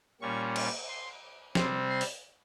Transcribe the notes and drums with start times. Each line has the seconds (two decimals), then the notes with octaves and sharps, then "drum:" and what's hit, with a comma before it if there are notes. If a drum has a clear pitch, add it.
0.21 A#2 G3 C#4 C#6
0.56 drum: cymbal
0.88 C6
1.55 C3 G3 C4 C6, drum: snare
1.90 C6
2.01 drum: open hi-hat